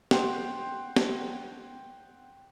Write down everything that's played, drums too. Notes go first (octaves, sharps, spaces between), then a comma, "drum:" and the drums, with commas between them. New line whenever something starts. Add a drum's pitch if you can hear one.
F#5 G5 C6, drum: snare
drum: snare